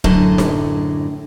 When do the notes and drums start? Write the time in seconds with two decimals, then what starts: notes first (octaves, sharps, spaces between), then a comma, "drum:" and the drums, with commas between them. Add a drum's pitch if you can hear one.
0.04 F#2 A2 D3 G#4 D#5 A5, drum: kick
0.38 drum: snare D#4